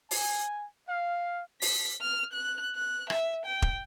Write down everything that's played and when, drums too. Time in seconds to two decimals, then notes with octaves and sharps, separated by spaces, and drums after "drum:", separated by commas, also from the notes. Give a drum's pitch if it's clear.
0.11 G#5, drum: open hi-hat
0.88 F5
1.62 B6, drum: open hi-hat
2.01 F6
2.33 F#6
2.76 F#6
3.10 E5, drum: rim click
3.46 G5
3.62 drum: kick E1